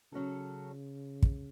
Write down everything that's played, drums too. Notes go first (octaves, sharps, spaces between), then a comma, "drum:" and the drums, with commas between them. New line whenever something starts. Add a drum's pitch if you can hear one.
C#3 F#3 C#4 F#4 A4
drum: kick